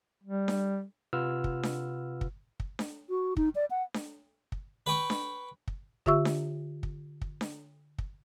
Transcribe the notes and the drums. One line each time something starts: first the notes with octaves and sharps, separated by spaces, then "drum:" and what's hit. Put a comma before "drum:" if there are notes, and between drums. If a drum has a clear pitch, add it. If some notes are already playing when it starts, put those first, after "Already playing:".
G3
drum: snare D4
C3 F4 B4 F#5 E6 F6
drum: kick
drum: snare D4
drum: kick
drum: kick
drum: snare D4
F#4
D#4, drum: kick
D5
F#5
drum: snare D4
drum: kick
B4 G5 C#6
drum: snare D4
drum: kick
D3 F4 G4 E5 C#6 E6, drum: kick
drum: snare D4
drum: kick
drum: kick
drum: snare D4
drum: kick